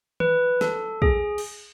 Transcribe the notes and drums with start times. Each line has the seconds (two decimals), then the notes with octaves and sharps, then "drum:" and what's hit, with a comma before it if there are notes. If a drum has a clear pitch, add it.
0.20 B4, drum: tom D#3
0.61 A4, drum: snare
1.02 G#4, drum: kick
1.38 drum: cymbal